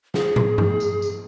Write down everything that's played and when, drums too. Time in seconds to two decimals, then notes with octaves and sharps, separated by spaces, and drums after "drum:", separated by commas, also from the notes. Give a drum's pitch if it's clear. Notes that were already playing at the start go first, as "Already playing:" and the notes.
0.14 G#4, drum: snare
0.36 drum: tom
0.58 drum: tom G2
0.80 drum: tambourine
1.02 drum: tambourine